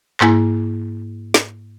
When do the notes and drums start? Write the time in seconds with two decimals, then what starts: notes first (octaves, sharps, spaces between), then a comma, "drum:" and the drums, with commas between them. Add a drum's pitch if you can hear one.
0.21 G#2 A#3 E4 G#5, drum: clap
1.34 drum: snare